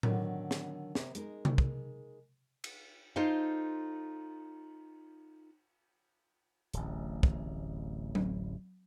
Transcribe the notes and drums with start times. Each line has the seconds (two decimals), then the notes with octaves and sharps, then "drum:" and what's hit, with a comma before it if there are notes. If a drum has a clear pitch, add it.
0.03 D3 D#3 F#3 D4, drum: tom A2
0.51 drum: snare
0.95 C3 A#4, drum: snare
1.15 G#3 D#4 A#4, drum: hi-hat
1.45 drum: tom C3
1.58 drum: kick
2.64 drum: cymbal
3.16 D#4 F4 A4 C5 F5
6.73 D1 A1, drum: hi-hat
7.23 drum: kick
8.15 drum: tom F#3